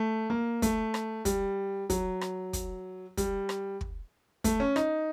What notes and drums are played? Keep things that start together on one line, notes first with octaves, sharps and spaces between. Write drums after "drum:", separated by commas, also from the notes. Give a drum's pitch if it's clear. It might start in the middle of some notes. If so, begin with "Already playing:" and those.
Already playing: A3
A#3
A3, drum: kick, hi-hat
drum: rim click
G3, drum: kick, hi-hat
F#3, drum: kick, hi-hat
drum: rim click
drum: kick, hi-hat
G3, drum: kick, hi-hat
drum: rim click
drum: kick
A3, drum: kick, hi-hat
C#4
D#4, drum: rim click